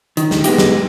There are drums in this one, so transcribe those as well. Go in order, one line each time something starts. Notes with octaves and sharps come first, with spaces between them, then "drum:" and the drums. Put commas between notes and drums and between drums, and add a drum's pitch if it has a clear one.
D#3, drum: hi-hat
drum: snare
G#3 B3 D#4 G4, drum: hi-hat
drum: snare